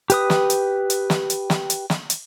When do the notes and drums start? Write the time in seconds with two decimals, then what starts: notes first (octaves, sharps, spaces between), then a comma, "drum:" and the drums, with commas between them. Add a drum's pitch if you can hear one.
0.10 G4 B4 D#6, drum: hi-hat
0.30 drum: snare
0.50 drum: hi-hat
0.90 drum: hi-hat
1.10 drum: snare
1.30 drum: hi-hat
1.50 drum: snare
1.70 drum: hi-hat
1.90 drum: snare
2.10 drum: hi-hat